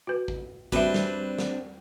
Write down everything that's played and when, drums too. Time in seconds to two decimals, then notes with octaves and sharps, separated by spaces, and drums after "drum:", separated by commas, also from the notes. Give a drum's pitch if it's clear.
0.07 F#4 B4
0.28 drum: kick
0.72 G3 C4 D4 F#4 B4 E5, drum: kick
0.94 drum: snare
1.38 drum: snare